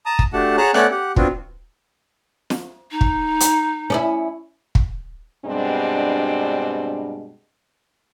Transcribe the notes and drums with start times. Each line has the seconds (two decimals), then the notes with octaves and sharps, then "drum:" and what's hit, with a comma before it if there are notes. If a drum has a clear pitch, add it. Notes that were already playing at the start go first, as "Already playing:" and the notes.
0.06 A5 A#5 D#6
0.19 drum: kick
0.33 A3 D4 F#4 G4 F#5 A5
0.57 G#4 C#5 F#5 A5 A#5 F#6
0.74 A3 B3 C#4 D5 F#5 F#6, drum: rim click
0.91 G4 F#5
1.16 B3 C4 D4 F4 F#4, drum: kick
2.50 drum: snare
2.91 D#4
3.01 drum: kick
3.40 drum: hi-hat
3.90 C#4 D4 E4
4.75 drum: kick
5.45 G2 B2 G3 G#3 C4 D4